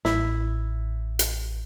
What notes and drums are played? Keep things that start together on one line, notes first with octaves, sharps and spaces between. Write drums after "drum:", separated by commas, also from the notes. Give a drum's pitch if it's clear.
A1 E4, drum: snare
drum: hi-hat